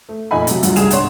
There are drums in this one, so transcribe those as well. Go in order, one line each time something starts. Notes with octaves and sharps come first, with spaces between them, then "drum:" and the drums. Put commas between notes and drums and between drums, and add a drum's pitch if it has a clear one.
A3
F2 A#2 A3 D#4 G#5 B5
C3 F#3, drum: hi-hat
D2 G2 F3 F#3, drum: hi-hat
C2 D3 G3 G#4 E7 F7, drum: hi-hat
G#2 D3 B3 C#5 C6, drum: hi-hat